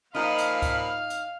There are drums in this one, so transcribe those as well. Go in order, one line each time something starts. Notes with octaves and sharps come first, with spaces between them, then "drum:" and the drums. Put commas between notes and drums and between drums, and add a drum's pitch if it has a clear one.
A#2 F3 D#4 F5 B5 F6
drum: hi-hat
drum: kick C#2, hi-hat
drum: hi-hat